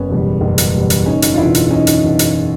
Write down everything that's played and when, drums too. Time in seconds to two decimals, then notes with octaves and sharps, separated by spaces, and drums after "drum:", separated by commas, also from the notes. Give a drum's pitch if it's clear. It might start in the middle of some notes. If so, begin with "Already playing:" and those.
Already playing: F#1 B3 C#4
0.10 E2 B2 G3
0.41 F#1
0.58 drum: hi-hat
0.74 E2 B2 G3
0.90 drum: hi-hat
1.06 F#1 C#4 D#4
1.22 drum: hi-hat
1.34 F4
1.38 E2 B2 D4 E4
1.55 drum: hi-hat
1.71 F#1 C#4 D#4
1.87 drum: hi-hat
2.04 E2 B2
2.19 drum: hi-hat